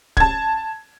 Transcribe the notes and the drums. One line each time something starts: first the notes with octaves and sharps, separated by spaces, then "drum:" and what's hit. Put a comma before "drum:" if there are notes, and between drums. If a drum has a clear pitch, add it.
A5 G#6, drum: kick C#1